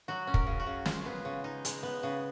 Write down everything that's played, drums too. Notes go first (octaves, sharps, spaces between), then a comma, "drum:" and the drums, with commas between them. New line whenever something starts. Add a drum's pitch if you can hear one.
F#3 F#4
C#4
A#4, drum: kick
C#3
F#4
C#3
G#3 F4, drum: snare
B3
C#3
D#4
G#3, drum: hi-hat
B3
C#3